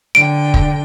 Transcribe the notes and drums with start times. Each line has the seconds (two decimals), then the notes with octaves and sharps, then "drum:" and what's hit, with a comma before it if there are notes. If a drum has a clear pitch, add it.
0.15 D3 G5 D7
0.54 drum: kick